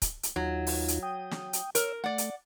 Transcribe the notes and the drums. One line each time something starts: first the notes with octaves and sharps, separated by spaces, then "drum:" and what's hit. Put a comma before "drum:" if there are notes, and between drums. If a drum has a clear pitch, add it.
drum: kick, hi-hat
drum: hi-hat
D#2 F#3 D#4 F4
drum: open hi-hat
drum: hi-hat
G5 D#6
drum: snare
drum: hi-hat
A#4 C#5 E6, drum: hi-hat
A3 D5 F#5
drum: hi-hat